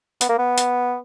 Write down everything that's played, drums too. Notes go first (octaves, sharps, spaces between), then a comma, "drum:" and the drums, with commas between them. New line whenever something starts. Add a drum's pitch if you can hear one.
B3, drum: hi-hat
A#3
B3
drum: hi-hat